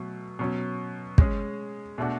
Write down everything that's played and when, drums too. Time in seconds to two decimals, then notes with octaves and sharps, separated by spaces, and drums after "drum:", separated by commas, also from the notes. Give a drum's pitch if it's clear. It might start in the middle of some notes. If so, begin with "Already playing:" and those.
Already playing: B2 F#3 A3
0.39 B2 F#3 C#4
1.18 G#3 C#4 G#4, drum: kick
1.98 B2 A3 D4 F#4